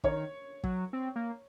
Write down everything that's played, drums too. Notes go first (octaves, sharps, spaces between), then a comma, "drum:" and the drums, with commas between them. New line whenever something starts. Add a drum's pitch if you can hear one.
D#3 C#5, drum: kick
F#3, drum: kick
C4
A#3